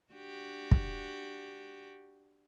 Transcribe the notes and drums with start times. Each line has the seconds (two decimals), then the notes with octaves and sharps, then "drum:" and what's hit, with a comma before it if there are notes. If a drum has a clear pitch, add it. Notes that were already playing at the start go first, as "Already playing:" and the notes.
0.13 D4 F#4 G4
0.71 drum: kick